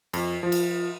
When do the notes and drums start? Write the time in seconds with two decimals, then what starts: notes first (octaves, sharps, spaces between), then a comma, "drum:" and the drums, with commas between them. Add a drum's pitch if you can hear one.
0.13 F2, drum: cymbal
0.43 F3
0.52 drum: cymbal